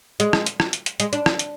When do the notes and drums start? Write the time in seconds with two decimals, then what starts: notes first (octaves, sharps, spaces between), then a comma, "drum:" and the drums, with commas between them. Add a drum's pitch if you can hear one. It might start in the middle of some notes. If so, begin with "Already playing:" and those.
0.20 G#3, drum: hi-hat
0.33 drum: rim click
0.46 drum: hi-hat
0.60 drum: rim click
0.73 drum: hi-hat
0.86 drum: hi-hat
1.00 G#3, drum: hi-hat
1.13 D4, drum: hi-hat
1.26 drum: rim click
1.39 drum: hi-hat